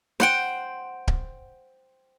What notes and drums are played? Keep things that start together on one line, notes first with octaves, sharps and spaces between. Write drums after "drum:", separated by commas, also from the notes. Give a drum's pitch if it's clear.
C5 F#5 G5, drum: snare
drum: kick D1